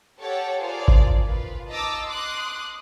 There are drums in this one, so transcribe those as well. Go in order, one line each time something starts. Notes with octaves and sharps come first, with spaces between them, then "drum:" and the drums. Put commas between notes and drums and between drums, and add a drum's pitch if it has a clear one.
G4 A4 C#5 F#5 G5 A5
F4 G#4 A#4 C5 D5
drum: kick G#1
F4 B4
D#4 D#5 A5 A#5 D6 E6
C6 D6 D#6 F#6